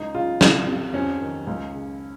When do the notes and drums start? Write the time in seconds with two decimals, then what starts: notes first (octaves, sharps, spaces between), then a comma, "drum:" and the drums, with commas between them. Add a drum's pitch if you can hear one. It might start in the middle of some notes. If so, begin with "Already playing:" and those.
Already playing: C#2 D#4
0.15 C#3 F4
0.41 C2, drum: snare
0.67 C3
0.94 F2 C#4
1.20 D#3
1.47 C#2
1.74 C#3